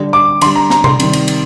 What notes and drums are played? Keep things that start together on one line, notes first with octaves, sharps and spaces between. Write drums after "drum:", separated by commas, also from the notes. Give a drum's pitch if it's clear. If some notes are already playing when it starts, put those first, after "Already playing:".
Already playing: D3 G3
D6
D3 G3 C6, drum: cymbal
A#5
A#5, drum: snare
C6, drum: tom C3
C3 D#3 G3, drum: cymbal
drum: cymbal
drum: cymbal